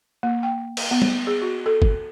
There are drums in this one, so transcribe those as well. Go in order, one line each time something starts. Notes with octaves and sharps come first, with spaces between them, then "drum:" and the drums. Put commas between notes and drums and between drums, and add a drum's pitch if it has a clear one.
A#3
G5
drum: cymbal
B3
drum: tom G3
G#4
F#4
A4
drum: kick